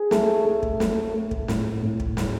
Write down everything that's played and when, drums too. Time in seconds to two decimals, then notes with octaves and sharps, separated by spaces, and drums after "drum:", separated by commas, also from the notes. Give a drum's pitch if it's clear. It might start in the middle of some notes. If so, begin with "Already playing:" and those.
Already playing: G#4
0.11 A3, drum: snare
0.45 A3
0.63 drum: kick
0.80 A3, drum: snare
1.14 A3
1.31 drum: kick
1.48 A2, drum: snare
1.82 A2
2.00 drum: kick
2.17 F#3, drum: snare